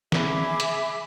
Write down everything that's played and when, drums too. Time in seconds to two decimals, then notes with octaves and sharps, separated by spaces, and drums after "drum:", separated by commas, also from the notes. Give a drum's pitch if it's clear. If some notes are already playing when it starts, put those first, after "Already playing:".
0.12 G#4 E5 B5 D6, drum: snare
0.60 drum: hi-hat